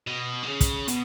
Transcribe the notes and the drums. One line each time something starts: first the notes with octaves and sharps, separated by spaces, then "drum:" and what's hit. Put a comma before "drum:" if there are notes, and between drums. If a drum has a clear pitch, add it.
B2
D#3
C#3
drum: kick, hi-hat
B2, drum: hi-hat